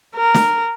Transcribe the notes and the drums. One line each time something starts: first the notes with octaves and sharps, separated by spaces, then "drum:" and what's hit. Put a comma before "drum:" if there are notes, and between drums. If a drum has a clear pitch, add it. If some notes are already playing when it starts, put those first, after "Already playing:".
A#4
drum: snare